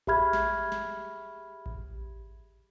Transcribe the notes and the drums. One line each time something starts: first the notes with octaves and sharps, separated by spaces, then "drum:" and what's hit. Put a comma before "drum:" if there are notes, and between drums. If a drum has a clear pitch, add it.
G4 G#4 E5 B5 F6 G#6, drum: kick A1
drum: snare
drum: snare
drum: kick A1